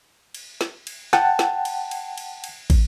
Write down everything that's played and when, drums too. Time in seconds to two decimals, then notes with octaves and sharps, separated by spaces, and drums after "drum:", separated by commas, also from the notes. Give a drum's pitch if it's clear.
0.35 drum: cymbal
0.61 drum: snare
0.87 drum: cymbal
1.13 F#5 G5 A5, drum: snare
1.39 drum: snare
1.65 drum: cymbal
1.91 drum: cymbal
2.18 drum: cymbal
2.44 drum: cymbal
2.70 drum: kick, cymbal